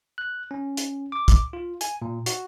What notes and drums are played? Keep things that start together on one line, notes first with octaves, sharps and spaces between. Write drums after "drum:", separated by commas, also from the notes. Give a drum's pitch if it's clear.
F#6
C#4
drum: hi-hat
D6
drum: kick, hi-hat
F4
G#5, drum: hi-hat
A#2
F#4, drum: hi-hat